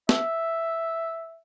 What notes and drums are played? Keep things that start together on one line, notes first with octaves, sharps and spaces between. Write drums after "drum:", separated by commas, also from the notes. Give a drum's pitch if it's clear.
E5, drum: snare